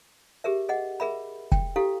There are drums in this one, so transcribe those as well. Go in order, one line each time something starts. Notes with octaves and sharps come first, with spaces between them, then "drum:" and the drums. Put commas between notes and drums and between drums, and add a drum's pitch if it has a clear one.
G4 G#4 A#4 E5
G#4 D#5 F#5
G#4 A#4 E5 B5
G5, drum: kick
E4 G4 A4 F5